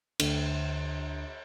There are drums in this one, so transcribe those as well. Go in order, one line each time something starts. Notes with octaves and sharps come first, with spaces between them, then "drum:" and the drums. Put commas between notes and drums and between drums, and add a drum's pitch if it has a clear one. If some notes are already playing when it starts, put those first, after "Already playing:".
D2 D3, drum: cymbal